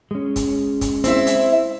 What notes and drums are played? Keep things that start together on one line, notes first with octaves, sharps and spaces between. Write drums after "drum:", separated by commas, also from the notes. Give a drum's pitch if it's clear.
G#3 C#4
drum: kick, hi-hat
drum: kick, hi-hat
C4 E4 E5, drum: hi-hat
drum: hi-hat